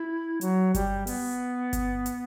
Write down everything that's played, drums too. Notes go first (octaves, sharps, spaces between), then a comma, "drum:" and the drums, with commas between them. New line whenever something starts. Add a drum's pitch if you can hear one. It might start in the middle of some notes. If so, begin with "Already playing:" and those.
Already playing: E4
F#3, drum: hi-hat
G3, drum: kick G1, hi-hat
B3, drum: open hi-hat
drum: kick G1, hi-hat
drum: hi-hat